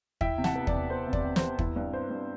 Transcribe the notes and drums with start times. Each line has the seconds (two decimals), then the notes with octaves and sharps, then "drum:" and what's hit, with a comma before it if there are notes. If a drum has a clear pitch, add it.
0.21 E4 E5 G5, drum: kick
0.38 C3
0.44 F#5 A5, drum: snare
0.55 B3
0.67 D5, drum: kick
0.73 C3
0.90 B3 C5
1.07 C3
1.13 D5, drum: kick
1.24 C3
1.36 C5, drum: snare
1.42 B3
1.59 E4, drum: kick
1.76 G2
1.93 B3 C5
2.10 G2